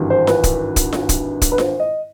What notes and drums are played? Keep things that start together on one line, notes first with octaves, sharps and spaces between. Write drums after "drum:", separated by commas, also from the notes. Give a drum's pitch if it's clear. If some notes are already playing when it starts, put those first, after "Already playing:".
Already playing: G#1 G2 E3 G3
C5
B4, drum: snare F4
drum: kick D1, hi-hat
drum: kick D1, hi-hat
drum: snare F4
drum: kick D1, hi-hat
drum: kick D1, hi-hat
B4
C5, drum: snare F4
D#5